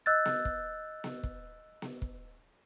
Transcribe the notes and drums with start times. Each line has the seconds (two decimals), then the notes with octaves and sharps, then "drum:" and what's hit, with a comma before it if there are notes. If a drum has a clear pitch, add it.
0.06 D#5 E6 F#6 G6 A6
0.26 drum: snare B3
0.45 drum: kick
1.04 drum: snare B3
1.23 drum: kick
1.82 drum: snare B3
2.02 drum: kick